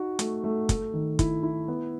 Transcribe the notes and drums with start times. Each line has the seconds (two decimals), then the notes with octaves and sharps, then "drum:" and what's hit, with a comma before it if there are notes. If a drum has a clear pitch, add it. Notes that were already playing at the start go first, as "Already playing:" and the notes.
Already playing: D#4 F#4
0.19 A3, drum: hi-hat
0.44 A3
0.69 A3, drum: kick, hi-hat
0.93 D#3
1.19 E4, drum: kick, hi-hat
1.43 E4
1.68 B3